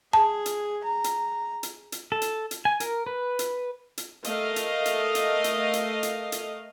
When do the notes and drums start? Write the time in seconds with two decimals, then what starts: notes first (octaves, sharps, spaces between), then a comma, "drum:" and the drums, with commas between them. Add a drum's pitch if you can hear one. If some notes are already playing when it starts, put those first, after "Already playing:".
0.13 G#4 A5
0.46 drum: hi-hat
0.84 A#5
1.04 drum: hi-hat
1.63 drum: hi-hat
1.92 drum: hi-hat
2.12 A4
2.22 drum: hi-hat
2.51 drum: hi-hat
2.65 G#5
2.80 A#4, drum: hi-hat
3.07 B4
3.39 drum: hi-hat
3.98 drum: hi-hat
4.24 A3 A#4 D#5 F5, drum: hi-hat
4.56 drum: hi-hat
4.86 drum: hi-hat
5.15 drum: hi-hat
5.44 drum: hi-hat
5.73 drum: hi-hat
6.03 drum: hi-hat
6.32 drum: hi-hat